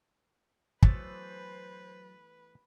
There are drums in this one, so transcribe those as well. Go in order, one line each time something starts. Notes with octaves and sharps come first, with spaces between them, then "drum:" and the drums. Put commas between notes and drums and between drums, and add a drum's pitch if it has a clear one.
E3 F#3 A3 B3 B4 C5 A6, drum: kick